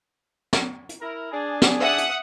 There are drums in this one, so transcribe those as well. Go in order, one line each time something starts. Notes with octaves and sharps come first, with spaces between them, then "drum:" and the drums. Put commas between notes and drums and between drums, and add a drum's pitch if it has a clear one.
drum: snare
drum: hi-hat
E4 A#4
D4 G#4
drum: snare
E5 F#5 D#6
drum: hi-hat